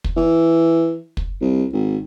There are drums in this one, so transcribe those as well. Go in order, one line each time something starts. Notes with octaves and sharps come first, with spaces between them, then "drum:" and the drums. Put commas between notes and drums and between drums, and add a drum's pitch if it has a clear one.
drum: kick
E3
drum: kick
C2
G#1